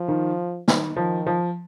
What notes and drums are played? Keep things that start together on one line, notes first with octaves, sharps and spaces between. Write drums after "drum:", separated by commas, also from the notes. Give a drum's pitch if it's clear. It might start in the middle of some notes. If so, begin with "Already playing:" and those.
Already playing: F3
D#3
D#3, drum: snare
D#3 F3
F3